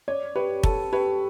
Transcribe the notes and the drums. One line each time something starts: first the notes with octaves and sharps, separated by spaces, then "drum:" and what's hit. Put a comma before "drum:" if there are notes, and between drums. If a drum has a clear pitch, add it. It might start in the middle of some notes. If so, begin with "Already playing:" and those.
C#5 D5
G4 B4
A4 A5, drum: kick
G4 B4